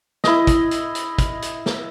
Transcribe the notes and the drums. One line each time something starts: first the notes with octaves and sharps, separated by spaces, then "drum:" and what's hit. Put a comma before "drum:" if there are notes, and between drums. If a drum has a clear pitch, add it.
E4 D#5, drum: snare
drum: kick, hi-hat
drum: hi-hat
drum: hi-hat
drum: kick, hi-hat
drum: hi-hat
drum: snare